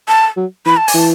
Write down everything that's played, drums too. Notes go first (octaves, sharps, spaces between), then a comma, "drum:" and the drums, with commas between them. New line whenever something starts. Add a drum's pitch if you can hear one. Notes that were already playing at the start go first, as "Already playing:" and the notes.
A5
F#3
E3 B5
A5
G#5, drum: open hi-hat
E3 A5